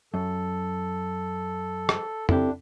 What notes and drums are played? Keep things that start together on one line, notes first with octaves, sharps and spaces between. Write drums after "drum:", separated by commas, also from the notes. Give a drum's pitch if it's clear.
F#2 A4
drum: rim click
C4 D4 E4 G4 A4, drum: tom F2